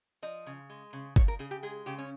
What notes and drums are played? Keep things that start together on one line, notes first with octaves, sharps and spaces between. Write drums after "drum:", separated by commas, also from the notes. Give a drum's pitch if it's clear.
F3 D#5
C#3
G#3
C#3
F3 C#5, drum: kick G1
A#4
C#3 G#4
G4
G#3 G#4
C#3 G4
C#4